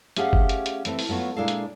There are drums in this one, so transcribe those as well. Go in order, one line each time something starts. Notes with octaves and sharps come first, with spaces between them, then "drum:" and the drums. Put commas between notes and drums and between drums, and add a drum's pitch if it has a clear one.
A3 C#4 G4 G#4 F5 F#5, drum: hi-hat
drum: kick
drum: hi-hat
drum: hi-hat
E3 A3 C4, drum: hi-hat
drum: open hi-hat
F#3 A3 B3 F4 C#5
A#2 G#3 D4 E4 A4 F5
drum: hi-hat